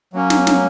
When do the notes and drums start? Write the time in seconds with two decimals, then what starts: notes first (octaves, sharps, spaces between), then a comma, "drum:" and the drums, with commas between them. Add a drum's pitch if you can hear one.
0.13 F#3 A#3 C#4
0.30 drum: snare
0.47 drum: snare